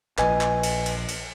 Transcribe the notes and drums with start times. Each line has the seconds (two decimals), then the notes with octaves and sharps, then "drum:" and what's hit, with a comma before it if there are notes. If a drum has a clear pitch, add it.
0.18 A#1 A#2 F3 B4 D#5 G#5, drum: clap
0.41 drum: clap
0.63 drum: cymbal
0.86 drum: cymbal
1.09 drum: cymbal